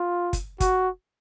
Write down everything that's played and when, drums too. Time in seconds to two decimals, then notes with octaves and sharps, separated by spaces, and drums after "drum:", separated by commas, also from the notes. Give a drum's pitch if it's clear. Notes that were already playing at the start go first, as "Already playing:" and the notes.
Already playing: F4
0.33 drum: kick, hi-hat
0.60 F#4, drum: kick, hi-hat